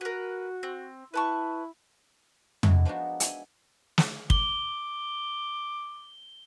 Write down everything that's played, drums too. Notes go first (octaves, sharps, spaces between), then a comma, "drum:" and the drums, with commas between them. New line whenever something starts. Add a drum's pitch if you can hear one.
F#4 A#4 B4
C4
E4 B4 A5 C#6
G#3 D4 E4 F#4, drum: tom
F3 G#3 B3 D4 D#4 F#4
E5 G#5, drum: hi-hat
drum: snare
D6 G7, drum: kick